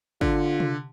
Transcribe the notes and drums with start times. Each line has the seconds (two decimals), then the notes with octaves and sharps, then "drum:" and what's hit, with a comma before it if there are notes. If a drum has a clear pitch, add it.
0.21 D3 F4, drum: kick
0.60 drum: tom C3